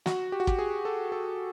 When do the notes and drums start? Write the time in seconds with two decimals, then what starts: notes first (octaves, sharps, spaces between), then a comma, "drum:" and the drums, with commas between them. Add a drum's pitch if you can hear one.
0.06 F#4, drum: snare
0.32 G4
0.40 F#4
0.47 G4, drum: kick
0.59 G#4
0.85 A4
1.12 A4